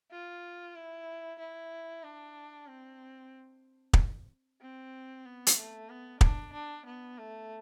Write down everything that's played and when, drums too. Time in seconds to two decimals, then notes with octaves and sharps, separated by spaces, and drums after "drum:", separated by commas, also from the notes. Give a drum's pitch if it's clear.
0.11 F4
0.75 E4
1.39 E4
2.04 D4
2.68 C4
3.93 drum: kick
4.61 C4
5.25 B3
5.47 drum: hi-hat
5.57 A3
5.89 B3
6.21 D4, drum: kick
6.53 D4
6.86 B3
7.18 A3